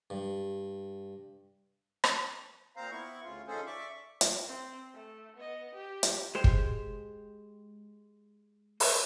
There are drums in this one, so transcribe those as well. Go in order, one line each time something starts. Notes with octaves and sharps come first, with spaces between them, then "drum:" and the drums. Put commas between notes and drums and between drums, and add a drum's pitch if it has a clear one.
G2
drum: rim click
A#2 C4 C5 F5 A#5
B3 C4 E4 C#6
D2 C#3 F4
D#3 F3 C#4 G#4 A4 C5
D5 E5 C#6 D6
drum: hi-hat
C4
A3
B3 D#5
G4
drum: hi-hat
G#3 G4 C5
drum: kick
drum: open hi-hat